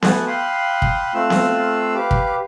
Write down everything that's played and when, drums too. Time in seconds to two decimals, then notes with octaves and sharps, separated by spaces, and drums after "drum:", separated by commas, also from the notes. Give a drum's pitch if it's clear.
0.02 A3 B3 F#5 G#5 A5 G6, drum: snare B3
0.27 F5 G5 B5 C6 D#6 F#6
0.82 drum: kick
1.14 A3 C4 F4 F5 E6 F#6
1.30 drum: snare B3
1.95 G4 B4 F5 D6
2.11 drum: kick